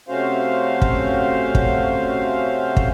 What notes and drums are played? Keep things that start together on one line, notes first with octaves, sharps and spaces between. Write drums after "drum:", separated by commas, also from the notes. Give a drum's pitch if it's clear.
C3 A3 C#4 F#4 C5 F5
drum: kick
drum: kick
drum: kick